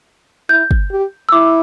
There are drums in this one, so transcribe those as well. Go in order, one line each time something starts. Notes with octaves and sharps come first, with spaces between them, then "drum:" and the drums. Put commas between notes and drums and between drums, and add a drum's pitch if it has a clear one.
E4 G6
drum: kick
G4
E6
E4 D6